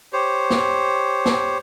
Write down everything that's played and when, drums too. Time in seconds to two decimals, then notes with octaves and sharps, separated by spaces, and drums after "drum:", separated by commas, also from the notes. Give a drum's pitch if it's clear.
0.13 G4 C5 C#5
0.50 drum: snare
1.25 drum: snare